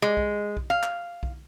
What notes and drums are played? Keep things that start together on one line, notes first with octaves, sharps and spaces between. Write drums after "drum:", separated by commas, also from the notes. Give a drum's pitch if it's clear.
G#3
drum: kick B1
drum: kick B1
F5
drum: clap
drum: kick B1